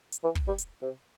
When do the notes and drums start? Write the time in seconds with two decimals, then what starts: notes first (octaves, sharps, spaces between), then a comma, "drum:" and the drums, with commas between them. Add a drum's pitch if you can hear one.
0.12 drum: hi-hat
0.24 E3
0.35 drum: kick
0.47 G3
0.58 drum: hi-hat
0.82 C3